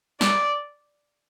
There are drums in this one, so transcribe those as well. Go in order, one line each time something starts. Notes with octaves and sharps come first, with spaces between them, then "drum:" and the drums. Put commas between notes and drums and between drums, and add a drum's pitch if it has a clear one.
D5, drum: snare